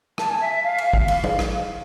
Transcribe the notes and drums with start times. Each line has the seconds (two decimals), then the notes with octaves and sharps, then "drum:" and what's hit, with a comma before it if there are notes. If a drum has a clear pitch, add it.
0.18 A5, drum: rim click
0.29 G#5
0.41 E5
0.51 E5
0.63 F5
0.78 drum: cymbal
0.93 drum: kick
1.08 F5, drum: cymbal
1.24 drum: tom F#3
1.39 drum: rim click